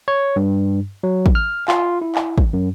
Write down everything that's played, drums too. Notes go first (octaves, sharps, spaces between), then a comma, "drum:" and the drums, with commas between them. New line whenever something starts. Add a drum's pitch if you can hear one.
C#5
G2
F#3
drum: kick
F6
F4, drum: clap
E4
drum: clap
drum: kick
F#2